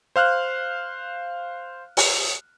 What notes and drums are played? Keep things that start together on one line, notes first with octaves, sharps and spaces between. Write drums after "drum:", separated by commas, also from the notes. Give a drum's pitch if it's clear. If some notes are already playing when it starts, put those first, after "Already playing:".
C5 F5 F6 F#6
drum: open hi-hat